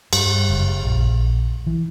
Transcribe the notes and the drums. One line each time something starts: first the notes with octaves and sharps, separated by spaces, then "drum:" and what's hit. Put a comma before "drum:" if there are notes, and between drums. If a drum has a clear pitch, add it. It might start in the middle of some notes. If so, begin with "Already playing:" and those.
G2, drum: cymbal
F#1
A#1
E3